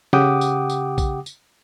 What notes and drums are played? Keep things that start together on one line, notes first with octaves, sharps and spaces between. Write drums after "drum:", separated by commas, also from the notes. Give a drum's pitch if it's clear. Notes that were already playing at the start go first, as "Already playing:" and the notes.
C#3 G4 F#5 G5 D6 D#6, drum: snare
drum: tambourine
drum: tambourine
drum: kick, tambourine
drum: tambourine